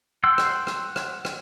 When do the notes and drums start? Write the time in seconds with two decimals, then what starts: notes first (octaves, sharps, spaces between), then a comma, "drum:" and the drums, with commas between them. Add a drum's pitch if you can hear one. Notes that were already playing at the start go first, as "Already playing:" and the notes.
0.24 F#5 G5 C6 E6
0.38 drum: rim click
0.67 drum: rim click
0.96 drum: rim click
1.25 drum: rim click